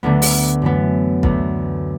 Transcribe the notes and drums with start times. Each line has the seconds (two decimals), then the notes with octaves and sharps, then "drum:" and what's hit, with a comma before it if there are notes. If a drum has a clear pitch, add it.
0.03 D2 D3 A3 B3
0.22 drum: open hi-hat
0.62 F#2 E3 A3 B3
1.23 D2 D3 A3 B3, drum: kick